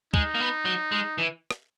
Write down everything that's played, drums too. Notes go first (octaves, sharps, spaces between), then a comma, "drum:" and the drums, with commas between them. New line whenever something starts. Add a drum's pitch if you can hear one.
G#3 D#4, drum: kick
A#3
B3
F#3
G#3
E3
drum: rim click